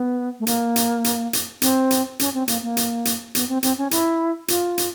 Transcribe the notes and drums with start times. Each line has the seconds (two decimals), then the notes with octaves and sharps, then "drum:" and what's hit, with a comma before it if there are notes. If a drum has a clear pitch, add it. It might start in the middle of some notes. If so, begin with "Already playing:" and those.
Already playing: B3
0.40 A3
0.47 A#3, drum: hi-hat
0.76 drum: hi-hat
1.04 drum: hi-hat
1.33 drum: hi-hat
1.62 C4, drum: hi-hat
1.91 drum: hi-hat
2.19 C#4, drum: hi-hat
2.34 C4
2.48 A#3, drum: hi-hat
2.63 A#3
2.77 drum: hi-hat
3.05 drum: hi-hat
3.35 B3, drum: hi-hat
3.48 C4
3.63 C4, drum: hi-hat
3.78 C#4
3.91 E4, drum: hi-hat
4.48 F4, drum: hi-hat
4.78 drum: hi-hat